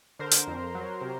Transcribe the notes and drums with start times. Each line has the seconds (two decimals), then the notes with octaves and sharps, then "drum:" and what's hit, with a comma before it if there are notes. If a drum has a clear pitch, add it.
0.19 D3 A#4 C5
0.31 drum: hi-hat
0.47 F2
0.75 F#3
1.01 C3